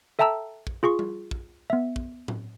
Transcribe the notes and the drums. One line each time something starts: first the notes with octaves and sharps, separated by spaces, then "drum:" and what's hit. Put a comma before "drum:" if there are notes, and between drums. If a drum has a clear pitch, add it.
A4 E5 G5 A5 A#5 E6
drum: kick
F4 G#4 C6 C#6
drum: tom G3
drum: kick
B3 E5
drum: kick
drum: tom A2